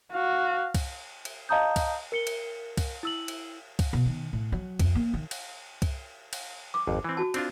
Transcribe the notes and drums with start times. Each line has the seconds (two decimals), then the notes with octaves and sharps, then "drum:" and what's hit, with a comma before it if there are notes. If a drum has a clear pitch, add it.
0.13 F#4 F5
0.75 drum: kick C2, cymbal
1.25 drum: cymbal
1.49 D#5 F5 A5 A#5 D#6 G6
1.76 drum: kick C2, cymbal
2.12 A#4 C#7 G7
2.27 drum: cymbal
2.77 drum: kick C2, cymbal
3.03 E4 E6 F#7
3.28 drum: cymbal
3.79 drum: kick C2, cymbal
3.93 B2
4.06 D#3
4.33 A2
4.52 F#3
4.80 F2, drum: kick C2, cymbal
4.95 A#3
5.14 D#3
5.31 drum: cymbal
5.82 drum: kick C2, cymbal
6.33 drum: cymbal
6.74 D6
6.87 G#1 F2
7.04 E3 C4
7.17 F#4 A5
7.34 C4 D4 F4, drum: cymbal